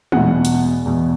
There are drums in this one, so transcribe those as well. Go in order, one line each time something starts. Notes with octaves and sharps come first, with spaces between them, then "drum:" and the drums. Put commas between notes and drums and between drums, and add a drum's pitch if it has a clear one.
E2 B2 F#5, drum: tom
drum: hi-hat
E2 B2